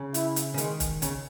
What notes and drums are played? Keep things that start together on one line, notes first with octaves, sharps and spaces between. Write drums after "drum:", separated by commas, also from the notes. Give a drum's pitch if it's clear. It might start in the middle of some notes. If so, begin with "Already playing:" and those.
Already playing: C#3
E4, drum: hi-hat
drum: hi-hat
C#3
D#3 G#3, drum: hi-hat
drum: kick, hi-hat
C#3, drum: hi-hat